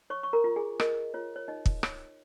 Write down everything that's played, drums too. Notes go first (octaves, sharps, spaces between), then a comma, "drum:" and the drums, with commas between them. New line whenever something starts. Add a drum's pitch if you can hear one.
C#5 C#6
C#6
A#4 A#5
F4
G#4 G#5
A#4 D#5, drum: rim click
F4 C#5
C#5
D#4 D#5
drum: kick
C#5, drum: rim click